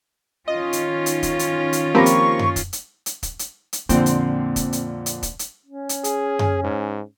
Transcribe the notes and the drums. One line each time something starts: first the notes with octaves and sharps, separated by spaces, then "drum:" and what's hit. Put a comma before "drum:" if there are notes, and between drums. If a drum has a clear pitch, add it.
D#3 C#4 F4 D#5
drum: hi-hat
drum: hi-hat
drum: kick, hi-hat
drum: hi-hat
drum: hi-hat
F3 A#3 C4 G4 B5 C#6 A#6
drum: hi-hat
drum: tom F#2
drum: kick, hi-hat
drum: hi-hat
drum: hi-hat
drum: kick, hi-hat
drum: hi-hat
drum: hi-hat
F2 A#2 D3 A#3 C4, drum: hi-hat
drum: hi-hat
drum: kick, hi-hat
drum: hi-hat
drum: hi-hat
drum: kick, hi-hat
drum: hi-hat
C#4
drum: hi-hat
G#4, drum: hi-hat
drum: tom F#2
G#2